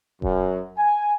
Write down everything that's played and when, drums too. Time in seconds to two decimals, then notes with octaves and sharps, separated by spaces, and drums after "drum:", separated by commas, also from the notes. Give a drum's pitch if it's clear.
0.22 F#2, drum: kick F1
0.77 G#5